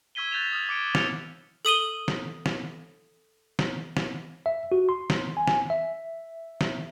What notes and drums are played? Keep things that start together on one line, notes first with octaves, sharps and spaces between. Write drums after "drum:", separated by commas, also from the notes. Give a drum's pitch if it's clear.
C#6 E6 G#6 B6 D#7 G7
F#6 G6 A6 B6 E7 F7
D#6 F6
D6 C#7 D7
F6 C#7 F7, drum: snare
A4 D#6 D#7 G7
drum: snare
drum: snare
drum: snare
drum: snare
E5
F#4
C6
drum: snare
G#5
drum: snare
E5
drum: snare